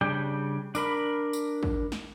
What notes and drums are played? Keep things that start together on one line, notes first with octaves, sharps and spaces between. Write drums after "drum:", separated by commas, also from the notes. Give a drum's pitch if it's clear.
C#3 G3 D4 G5
D4 A#4 B5, drum: tambourine
drum: tambourine
drum: kick
drum: snare